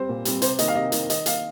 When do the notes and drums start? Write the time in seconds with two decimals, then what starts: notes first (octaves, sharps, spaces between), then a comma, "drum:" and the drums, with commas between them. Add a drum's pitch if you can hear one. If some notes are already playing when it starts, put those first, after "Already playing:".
Already playing: G3 C4 C5
0.09 A#2
0.25 G3 C4, drum: hi-hat
0.42 C3 C5, drum: hi-hat
0.59 D#3 A#3 D#5, drum: hi-hat
0.68 F5
0.76 C3 D#5
0.92 D#3 A#3, drum: hi-hat
1.10 D#3 D#5, drum: hi-hat
1.26 A#3 F5, drum: hi-hat